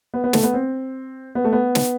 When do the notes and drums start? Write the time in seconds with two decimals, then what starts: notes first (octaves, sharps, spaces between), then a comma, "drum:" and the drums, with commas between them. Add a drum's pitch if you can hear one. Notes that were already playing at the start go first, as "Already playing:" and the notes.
0.14 B3
0.24 B3
0.33 A3, drum: snare
0.43 B3
0.54 C4
1.35 B3
1.44 A3
1.52 B3
1.75 drum: snare